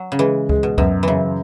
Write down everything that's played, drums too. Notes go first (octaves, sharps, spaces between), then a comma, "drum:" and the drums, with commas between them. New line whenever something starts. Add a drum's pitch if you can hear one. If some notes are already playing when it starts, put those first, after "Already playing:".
Already playing: F#3
C#3
E3 G#3
G#3, drum: kick C#2
B2
F#2 B2, drum: kick C#2
F#2 C#3 E3